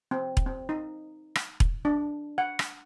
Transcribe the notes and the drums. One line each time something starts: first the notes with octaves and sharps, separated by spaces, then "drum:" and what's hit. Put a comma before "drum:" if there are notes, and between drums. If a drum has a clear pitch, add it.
C4
drum: kick E1
C4
D#4
drum: rim click
drum: kick E1
D4
F#5
drum: rim click